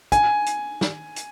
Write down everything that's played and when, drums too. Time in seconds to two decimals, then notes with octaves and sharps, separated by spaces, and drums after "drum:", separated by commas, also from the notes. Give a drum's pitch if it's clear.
0.12 G#5, drum: kick, hi-hat
0.46 drum: hi-hat
0.81 drum: snare
1.16 drum: hi-hat